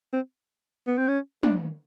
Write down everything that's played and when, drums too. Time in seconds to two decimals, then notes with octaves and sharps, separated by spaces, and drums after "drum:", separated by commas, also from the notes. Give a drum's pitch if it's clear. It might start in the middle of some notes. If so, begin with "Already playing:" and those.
0.13 C4
0.87 B3
0.98 C4
1.08 C#4
1.43 D4, drum: tom